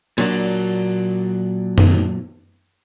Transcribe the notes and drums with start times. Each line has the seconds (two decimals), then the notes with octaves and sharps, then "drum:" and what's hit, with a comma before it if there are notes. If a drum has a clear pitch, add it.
0.18 A#2 F#3 D4, drum: cymbal
1.78 drum: tom F#2